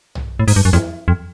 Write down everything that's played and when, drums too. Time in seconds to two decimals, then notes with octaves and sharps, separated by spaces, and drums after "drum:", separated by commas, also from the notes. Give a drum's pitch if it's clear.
0.15 drum: tom B1
0.39 A2
0.48 G#2, drum: open hi-hat
0.56 G2
0.65 F#2
0.73 F2, drum: snare E4
1.08 F2